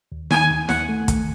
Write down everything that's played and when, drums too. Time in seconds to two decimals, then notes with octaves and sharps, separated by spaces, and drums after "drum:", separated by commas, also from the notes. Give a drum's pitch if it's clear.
0.12 D#2
0.31 D#3 G#5, drum: snare
0.50 D#2
0.69 D#2 F#5, drum: snare
0.89 A3
1.08 D#2, drum: kick, hi-hat